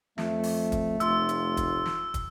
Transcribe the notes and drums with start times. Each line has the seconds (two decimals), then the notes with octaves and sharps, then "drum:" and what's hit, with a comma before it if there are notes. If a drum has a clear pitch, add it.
0.18 F2 A3, drum: snare
0.43 drum: open hi-hat
0.72 drum: kick, hi-hat
1.00 F1 F4 E6, drum: hi-hat
1.29 drum: hi-hat
1.57 drum: kick, hi-hat
1.86 drum: snare
2.14 drum: kick, hi-hat